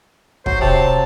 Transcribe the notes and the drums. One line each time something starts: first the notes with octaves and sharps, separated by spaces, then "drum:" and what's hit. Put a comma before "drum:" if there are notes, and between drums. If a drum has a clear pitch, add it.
F#3 C5, drum: kick
C3 A5